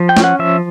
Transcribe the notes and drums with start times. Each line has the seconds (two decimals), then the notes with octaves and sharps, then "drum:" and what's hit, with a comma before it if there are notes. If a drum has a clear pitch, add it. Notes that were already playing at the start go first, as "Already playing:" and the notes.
Already playing: F3
0.09 G5
0.17 C#4, drum: snare
0.24 F#5
0.39 F3 E5